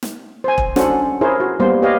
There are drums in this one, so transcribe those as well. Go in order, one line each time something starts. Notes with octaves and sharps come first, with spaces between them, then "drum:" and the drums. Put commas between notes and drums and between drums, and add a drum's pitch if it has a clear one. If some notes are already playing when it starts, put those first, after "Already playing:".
drum: snare
C5 G#5
drum: kick E1
C#4 D4 F#4 A4 C5 F#5, drum: snare
E4 G#4 A#4 C5 C#5
F#4
G3 A#3 B3 C5
G4 B4 C#5 D#5 F5